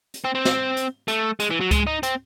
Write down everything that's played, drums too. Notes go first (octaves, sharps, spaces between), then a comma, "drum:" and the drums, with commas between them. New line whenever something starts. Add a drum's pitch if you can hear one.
drum: hi-hat
C4
C4
drum: snare
drum: hi-hat
A3, drum: hi-hat
G#3, drum: hi-hat
E3
F#3
G#3, drum: kick C#2, hi-hat
D#4
C4, drum: hi-hat